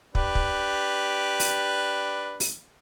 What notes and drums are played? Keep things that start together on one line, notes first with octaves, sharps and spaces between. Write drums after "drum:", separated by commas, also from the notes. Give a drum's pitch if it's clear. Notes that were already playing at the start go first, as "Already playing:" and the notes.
D4 G4 B4, drum: kick
drum: kick
drum: open hi-hat
drum: open hi-hat